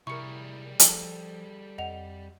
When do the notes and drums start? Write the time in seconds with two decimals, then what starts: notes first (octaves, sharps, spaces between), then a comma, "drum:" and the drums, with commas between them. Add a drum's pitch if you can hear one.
0.07 C3 G3 E4 G#4 A#4 C#6 C#7
0.79 F3 A4, drum: hi-hat
1.78 F2 D#5 F#5 F7